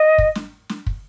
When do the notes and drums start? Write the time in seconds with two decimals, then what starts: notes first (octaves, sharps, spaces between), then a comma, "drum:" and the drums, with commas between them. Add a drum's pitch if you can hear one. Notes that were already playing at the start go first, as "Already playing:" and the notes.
Already playing: D#5
0.18 drum: kick
0.35 drum: snare
0.69 drum: snare
0.86 drum: kick